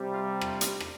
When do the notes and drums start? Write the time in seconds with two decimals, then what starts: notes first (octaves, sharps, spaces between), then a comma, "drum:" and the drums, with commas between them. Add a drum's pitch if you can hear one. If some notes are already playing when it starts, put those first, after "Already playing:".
Already playing: C3 G3
0.11 F4
0.41 F4, drum: rim click
0.61 drum: hi-hat
0.80 drum: rim click